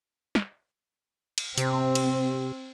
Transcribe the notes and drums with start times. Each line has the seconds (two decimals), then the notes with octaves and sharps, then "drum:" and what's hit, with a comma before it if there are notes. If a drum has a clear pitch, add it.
0.35 drum: snare
1.38 drum: cymbal
1.58 C3 C4, drum: hi-hat
1.95 drum: cymbal